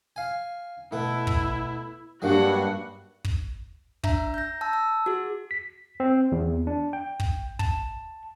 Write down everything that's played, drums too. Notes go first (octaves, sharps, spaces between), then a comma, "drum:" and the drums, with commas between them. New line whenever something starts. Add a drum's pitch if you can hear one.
F5 G#5
B2 A3 E4
drum: kick
G2 F#3 G#3 A#3 F#4 F#5
drum: kick
D4 E5 A#5, drum: kick
G6 A#6
A5 E6
E6
F#4 G#4
B6
C4
E2
D4
G5
drum: kick
A5, drum: kick